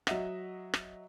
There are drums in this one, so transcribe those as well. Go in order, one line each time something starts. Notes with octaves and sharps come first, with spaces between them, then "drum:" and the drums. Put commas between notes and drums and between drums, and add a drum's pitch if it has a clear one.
F#3 D#5 E5 F#5, drum: rim click
drum: rim click